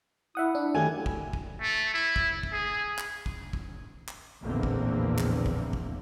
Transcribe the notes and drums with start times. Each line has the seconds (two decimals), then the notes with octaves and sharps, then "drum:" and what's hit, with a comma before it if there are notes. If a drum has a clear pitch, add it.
0.35 E4 E5 F#5 D#6
0.55 D4
0.75 D#3 F#3 A3 G4 G#5
1.06 drum: kick
1.33 drum: kick
1.61 A3
1.94 E4
2.16 drum: kick
2.43 drum: kick
2.53 G#4
2.98 drum: clap
3.26 drum: kick
3.53 drum: kick
4.08 drum: clap
4.42 A#1 E2 A2 D3 A#3 C4
4.63 drum: kick
5.18 drum: clap
5.46 drum: kick
5.73 drum: kick